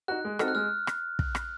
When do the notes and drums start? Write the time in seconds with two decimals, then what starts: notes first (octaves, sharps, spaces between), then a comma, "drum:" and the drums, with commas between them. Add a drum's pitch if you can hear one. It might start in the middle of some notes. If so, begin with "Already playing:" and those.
0.08 D#4 F#4 F#6
0.25 G#3
0.39 C4 D#4 F#4 A4 F6, drum: rim click
0.48 F#6
0.55 G#3 F6
0.87 drum: rim click
1.19 drum: kick
1.35 drum: rim click